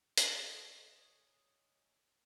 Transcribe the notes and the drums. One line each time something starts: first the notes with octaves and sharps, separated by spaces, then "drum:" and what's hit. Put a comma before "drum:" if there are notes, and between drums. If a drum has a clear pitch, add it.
C#5 D#5 G#5, drum: hi-hat